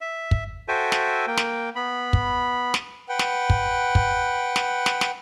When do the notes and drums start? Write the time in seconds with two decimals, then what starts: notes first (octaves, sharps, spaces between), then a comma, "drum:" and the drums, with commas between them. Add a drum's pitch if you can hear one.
0.01 E5
0.31 drum: kick
0.68 F#4 A4 C5 E5 G5 G#5
0.92 drum: snare
1.27 A#3 G5
1.37 drum: snare
1.76 B3 B5
2.13 drum: kick
2.74 drum: snare
3.09 B4 F#5 G5
3.19 drum: snare
3.50 drum: kick
3.95 drum: kick
4.56 drum: snare
4.86 drum: snare
5.01 drum: snare